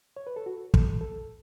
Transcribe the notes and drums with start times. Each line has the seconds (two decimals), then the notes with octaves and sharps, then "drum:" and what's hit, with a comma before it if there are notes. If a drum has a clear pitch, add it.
0.17 C#5
0.27 B4
0.36 A4
0.46 F#4
0.74 A4, drum: kick
1.01 A4